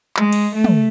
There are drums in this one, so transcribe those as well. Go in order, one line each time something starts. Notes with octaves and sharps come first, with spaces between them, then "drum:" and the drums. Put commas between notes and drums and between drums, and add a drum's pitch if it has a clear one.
G#3, drum: clap
drum: cymbal
A3
drum: tom